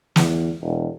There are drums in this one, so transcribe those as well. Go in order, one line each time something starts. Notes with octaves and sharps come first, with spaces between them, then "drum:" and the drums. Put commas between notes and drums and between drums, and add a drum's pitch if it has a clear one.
E2, drum: snare
E1